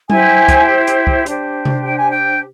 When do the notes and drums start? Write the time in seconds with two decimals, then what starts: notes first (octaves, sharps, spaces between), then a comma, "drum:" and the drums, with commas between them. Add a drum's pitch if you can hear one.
0.10 E4 G4 C5 G#5, drum: tom F#3
0.48 drum: kick, hi-hat
0.87 drum: hi-hat
1.07 drum: kick
1.26 D4 G4 C5, drum: hi-hat
1.65 drum: tom C3
1.84 G5
1.97 G#5
2.10 G5